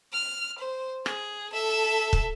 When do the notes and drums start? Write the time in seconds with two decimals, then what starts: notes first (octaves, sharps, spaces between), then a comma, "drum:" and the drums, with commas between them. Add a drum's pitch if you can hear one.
0.13 F6
0.58 C5
1.06 G#4, drum: rim click
1.52 A4 E5
2.13 drum: kick